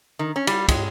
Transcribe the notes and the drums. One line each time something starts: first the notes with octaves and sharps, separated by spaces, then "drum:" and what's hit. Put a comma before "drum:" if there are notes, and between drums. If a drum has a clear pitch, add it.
D#3
C#4
G3, drum: cymbal
G#3, drum: kick, cymbal